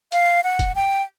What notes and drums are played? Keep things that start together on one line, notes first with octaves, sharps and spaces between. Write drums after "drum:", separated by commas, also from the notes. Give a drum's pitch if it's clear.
F5, drum: hi-hat
F#5
drum: kick, hi-hat
G5